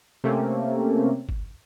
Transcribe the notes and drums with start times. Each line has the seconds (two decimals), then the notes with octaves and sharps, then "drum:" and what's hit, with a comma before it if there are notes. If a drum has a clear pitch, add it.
0.24 C3 A3 A#3 C4 C#4
1.29 drum: kick